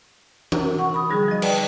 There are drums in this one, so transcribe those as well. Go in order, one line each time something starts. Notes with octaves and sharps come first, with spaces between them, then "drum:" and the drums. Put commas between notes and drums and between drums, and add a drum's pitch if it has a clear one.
drum: tom
F#5 C#6
B5 D#6
D3 F3 G3 D#4 G#4
F3 D#5
B4 D5 D#5 G5 A5, drum: cymbal